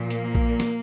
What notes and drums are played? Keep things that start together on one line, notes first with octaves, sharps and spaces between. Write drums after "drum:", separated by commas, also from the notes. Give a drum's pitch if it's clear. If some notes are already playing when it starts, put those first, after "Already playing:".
Already playing: A#2 F3
A#3, drum: hi-hat
drum: kick A#1
drum: snare